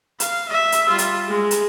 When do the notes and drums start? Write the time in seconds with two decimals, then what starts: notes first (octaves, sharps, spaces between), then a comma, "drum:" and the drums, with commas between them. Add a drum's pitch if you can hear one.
0.20 F5, drum: hi-hat
0.49 E5
0.72 drum: hi-hat
0.89 G3 F4
0.98 drum: hi-hat
1.28 G#3
1.51 drum: hi-hat